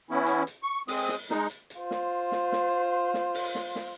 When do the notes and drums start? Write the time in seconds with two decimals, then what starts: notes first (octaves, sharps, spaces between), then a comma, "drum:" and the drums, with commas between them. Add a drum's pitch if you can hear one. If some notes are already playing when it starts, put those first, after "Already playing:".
0.10 E3 B3 C#4 E4
0.26 drum: hi-hat
0.47 drum: hi-hat
0.63 C#6
0.88 G#3 C4 D#6, drum: open hi-hat
1.09 drum: snare
1.30 G#3 D#4, drum: snare
1.50 drum: hi-hat
1.70 drum: hi-hat
1.80 F4 C5
1.91 drum: snare
2.32 drum: snare
2.52 drum: snare
3.14 drum: snare
3.34 drum: open hi-hat
3.55 drum: snare
3.76 drum: snare